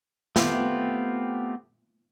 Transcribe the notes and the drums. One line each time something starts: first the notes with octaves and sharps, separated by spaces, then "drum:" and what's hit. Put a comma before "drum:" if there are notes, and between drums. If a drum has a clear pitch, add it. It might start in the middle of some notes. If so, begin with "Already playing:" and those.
A3 B3 C4 F4 G4, drum: snare